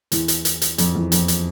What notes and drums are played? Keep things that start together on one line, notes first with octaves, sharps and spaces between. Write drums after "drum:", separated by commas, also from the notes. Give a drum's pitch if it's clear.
E2, drum: hi-hat
drum: hi-hat
drum: hi-hat
drum: hi-hat
F2, drum: hi-hat
E2
F2, drum: hi-hat
drum: hi-hat